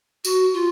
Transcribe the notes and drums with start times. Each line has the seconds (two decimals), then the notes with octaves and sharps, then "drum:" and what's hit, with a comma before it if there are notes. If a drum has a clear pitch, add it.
0.25 F#4, drum: tambourine
0.54 F4